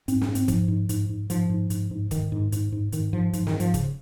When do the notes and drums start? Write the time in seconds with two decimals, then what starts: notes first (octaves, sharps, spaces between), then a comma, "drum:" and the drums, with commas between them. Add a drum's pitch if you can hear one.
0.08 G#2 C4, drum: hi-hat
0.21 C#4, drum: snare
0.28 G#2
0.35 C4, drum: hi-hat
0.48 G#2 F3, drum: kick, hi-hat
0.68 G#2
0.89 G#2, drum: hi-hat
1.09 G#2
1.30 G#2 F3, drum: hi-hat
1.50 G#2
1.70 G#2, drum: hi-hat
1.91 G#2
2.11 G#2 D#3, drum: kick, hi-hat
2.32 G#2
2.52 G#2, drum: hi-hat
2.72 G#2
2.92 G#2 D#3, drum: hi-hat
3.13 G#2 F3
3.33 G#2 F3, drum: hi-hat
3.47 D#3, drum: snare
3.53 G#2
3.60 F3, drum: hi-hat
3.74 C#3, drum: kick, hi-hat